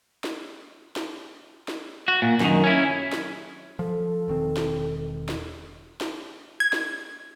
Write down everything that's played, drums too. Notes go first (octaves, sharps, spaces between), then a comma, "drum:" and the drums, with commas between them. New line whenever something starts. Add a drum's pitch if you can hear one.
drum: snare
drum: snare
drum: snare
F#4
A#2
F#2 D#3, drum: snare
C#4 E4
drum: snare
F3 A4
E1 D#3 C4
drum: snare
drum: snare
drum: snare
G#6
drum: snare